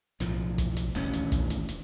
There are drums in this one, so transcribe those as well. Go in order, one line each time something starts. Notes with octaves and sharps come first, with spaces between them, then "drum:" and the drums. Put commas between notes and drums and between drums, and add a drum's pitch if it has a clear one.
B1 A2 F3, drum: hi-hat
drum: kick, hi-hat
drum: hi-hat
D#1 A1 D2 C#4, drum: open hi-hat
drum: hi-hat
drum: kick, hi-hat
drum: hi-hat
drum: hi-hat